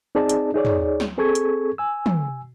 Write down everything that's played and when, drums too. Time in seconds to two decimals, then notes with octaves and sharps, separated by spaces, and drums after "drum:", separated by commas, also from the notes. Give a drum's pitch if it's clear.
0.15 C4 D#4 G#4 D5 A5
0.29 drum: hi-hat
0.54 D#4 G#4 C#5 D5
0.65 drum: tom
1.00 drum: snare
1.18 C4 G#4 A4 C#6 G#6
1.35 drum: hi-hat
1.78 G#5 E6
2.06 drum: tom